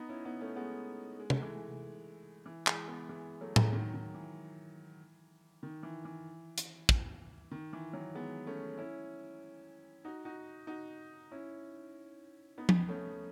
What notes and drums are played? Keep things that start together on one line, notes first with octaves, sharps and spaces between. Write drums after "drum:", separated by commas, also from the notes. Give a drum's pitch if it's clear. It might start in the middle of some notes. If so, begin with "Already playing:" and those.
Already playing: B3 D#4
C#4 E4
B3 D#4
A3 C#4
G#3 B3
G#3
A3, drum: tom
E3 G#3
E3
E3 G#3, drum: clap
G#3 B3
E3 G#3
F#3 A3
E3 G#3, drum: tom A2
D#3 F#3
D#3
E3
D#3
E3
E3
drum: hi-hat
drum: kick
D#3
E3
D#3 F#3
G#3 B3
A3 C#4
C#4 E4
D#4 F#4
D#4 F#4
D#4 F#4
C#4 E4
B3 D#4
drum: tom F3
A3 C#4